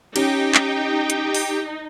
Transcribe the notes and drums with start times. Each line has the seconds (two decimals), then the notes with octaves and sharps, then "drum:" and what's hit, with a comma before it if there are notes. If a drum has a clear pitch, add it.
0.16 C#4 D#4 G4 G5, drum: cymbal
0.55 drum: clap
1.10 drum: hi-hat
1.34 drum: open hi-hat